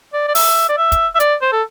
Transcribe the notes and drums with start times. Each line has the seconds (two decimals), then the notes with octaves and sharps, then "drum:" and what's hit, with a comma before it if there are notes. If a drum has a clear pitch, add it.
0.13 D5
0.28 D5
0.35 E5, drum: open hi-hat
0.69 D5
0.78 E5
0.92 drum: kick, hi-hat
1.15 E5
1.20 D5, drum: hi-hat
1.42 C5
1.52 A4